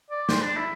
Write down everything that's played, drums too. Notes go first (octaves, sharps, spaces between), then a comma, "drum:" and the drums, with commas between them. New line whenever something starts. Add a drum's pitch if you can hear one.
D5
C5, drum: snare
D4
E4